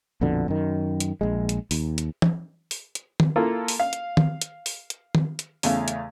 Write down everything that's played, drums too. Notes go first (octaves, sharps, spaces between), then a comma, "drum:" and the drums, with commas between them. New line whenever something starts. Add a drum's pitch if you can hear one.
A#1 F2 B2 D3
F#2 D#3
drum: hi-hat
A#1 G#3
drum: hi-hat
D#2, drum: open hi-hat
drum: hi-hat
drum: tom E3
drum: open hi-hat
drum: hi-hat
drum: tom D#3
A#3 E4 F4 A4 A#4
drum: open hi-hat
F5
drum: hi-hat
drum: tom D#3
drum: hi-hat
drum: open hi-hat
drum: hi-hat
drum: tom D#3
drum: hi-hat
E2 C#3 A3 F5, drum: open hi-hat
drum: hi-hat